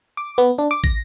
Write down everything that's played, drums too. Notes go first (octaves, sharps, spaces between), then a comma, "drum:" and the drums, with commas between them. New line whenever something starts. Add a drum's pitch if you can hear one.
D6
B3
D4
D6
A#6, drum: kick